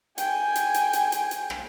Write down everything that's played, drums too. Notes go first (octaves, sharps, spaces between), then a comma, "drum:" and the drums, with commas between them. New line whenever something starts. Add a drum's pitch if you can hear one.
G5 G#5, drum: hi-hat
drum: hi-hat
drum: hi-hat
drum: hi-hat
drum: hi-hat
drum: hi-hat
drum: rim click